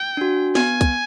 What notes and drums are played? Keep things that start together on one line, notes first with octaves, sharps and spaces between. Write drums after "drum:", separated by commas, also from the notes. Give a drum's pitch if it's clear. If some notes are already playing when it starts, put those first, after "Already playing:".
Already playing: G5
D4 F#4
B3 G#5, drum: snare
drum: kick, hi-hat